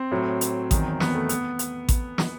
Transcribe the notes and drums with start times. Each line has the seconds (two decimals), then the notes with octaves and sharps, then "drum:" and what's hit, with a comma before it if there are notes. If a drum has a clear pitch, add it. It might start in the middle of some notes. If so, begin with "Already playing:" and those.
Already playing: C4
0.11 A2 F#3
0.41 drum: hi-hat
0.71 E2 D#3 F#3, drum: kick A1, hi-hat
1.00 B3, drum: snare
1.15 A3
1.29 B3, drum: hi-hat
1.59 drum: hi-hat
1.89 drum: kick A1, hi-hat
2.18 drum: snare